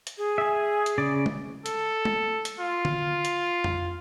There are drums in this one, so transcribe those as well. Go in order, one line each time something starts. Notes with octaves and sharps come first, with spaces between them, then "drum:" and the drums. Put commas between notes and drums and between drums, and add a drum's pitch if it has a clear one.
drum: hi-hat
G#4
E5 G#5
drum: hi-hat
C#3 D5
drum: tom G#3
A4, drum: hi-hat
drum: tom G#3
drum: hi-hat
F4
drum: tom D3
drum: hi-hat
drum: tom F2